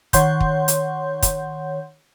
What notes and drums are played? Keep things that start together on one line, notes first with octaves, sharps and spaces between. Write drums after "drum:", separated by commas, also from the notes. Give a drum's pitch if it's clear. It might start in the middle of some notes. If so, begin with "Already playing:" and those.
D#3 C#5 F#5 C6 G6, drum: kick, hi-hat
drum: kick
drum: hi-hat
drum: kick, hi-hat